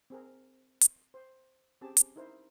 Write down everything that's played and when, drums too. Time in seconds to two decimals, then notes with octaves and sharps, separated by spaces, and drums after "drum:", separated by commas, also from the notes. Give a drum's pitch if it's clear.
0.10 C4 G#4 A#4
0.81 drum: hi-hat
1.14 C5
1.81 C4 C#4 G4 G#4 A5
1.97 drum: hi-hat
2.16 D#4 E4 A#4 C5